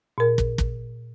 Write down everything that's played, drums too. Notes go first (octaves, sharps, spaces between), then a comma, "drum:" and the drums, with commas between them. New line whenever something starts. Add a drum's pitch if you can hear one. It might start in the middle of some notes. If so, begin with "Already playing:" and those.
A#2 A#4
drum: kick
drum: kick